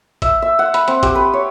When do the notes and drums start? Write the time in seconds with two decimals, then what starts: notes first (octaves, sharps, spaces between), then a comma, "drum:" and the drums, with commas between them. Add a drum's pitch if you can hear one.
0.22 E5, drum: kick, hi-hat
0.42 E5
0.59 F#5
0.74 B5, drum: hi-hat
0.88 C4, drum: hi-hat
1.03 G4, drum: kick, hi-hat
1.15 B4
1.33 C#5